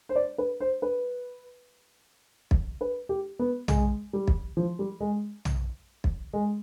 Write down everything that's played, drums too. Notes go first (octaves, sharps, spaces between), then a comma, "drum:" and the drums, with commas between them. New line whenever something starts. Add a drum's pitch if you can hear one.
C5
D5
B4
C5
B4
drum: kick
B4
G4
B3
G#3, drum: tom
G3
drum: kick
F3
G3
G#3
drum: tom
drum: kick
G#3